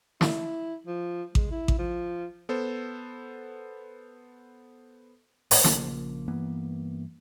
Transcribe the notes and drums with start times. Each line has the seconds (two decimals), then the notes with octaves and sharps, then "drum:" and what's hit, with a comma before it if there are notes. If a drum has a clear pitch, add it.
0.21 E4, drum: snare
0.87 F3
1.35 G#3, drum: kick A1
1.51 E4
1.68 drum: kick A1
1.78 F3
2.49 B3 A4 C5
5.51 G#1 A2, drum: open hi-hat
5.64 A#1 C#3 F3 A#3, drum: snare
6.28 G2 E3 A#3 B3